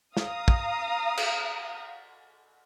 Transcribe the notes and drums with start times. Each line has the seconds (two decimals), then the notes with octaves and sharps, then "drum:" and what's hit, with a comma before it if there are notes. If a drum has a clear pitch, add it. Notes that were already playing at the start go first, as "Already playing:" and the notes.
0.17 F5 A#5 D#6, drum: snare
0.48 drum: kick
1.17 drum: cymbal